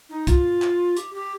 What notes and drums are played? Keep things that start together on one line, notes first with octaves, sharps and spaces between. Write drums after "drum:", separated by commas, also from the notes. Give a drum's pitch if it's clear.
D#4
F4, drum: kick, hi-hat
drum: clap
G4, drum: hi-hat
G4